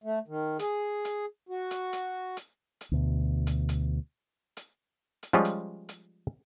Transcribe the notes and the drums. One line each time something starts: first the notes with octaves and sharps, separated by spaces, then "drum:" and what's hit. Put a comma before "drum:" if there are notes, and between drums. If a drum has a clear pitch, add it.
A3
D#3
G#4, drum: hi-hat
drum: hi-hat
F#4
drum: hi-hat
drum: hi-hat
drum: hi-hat
drum: hi-hat
D2 B2
drum: hi-hat
drum: hi-hat
drum: hi-hat
drum: hi-hat
F3 G3 G#3 C#4 F4
drum: hi-hat
drum: hi-hat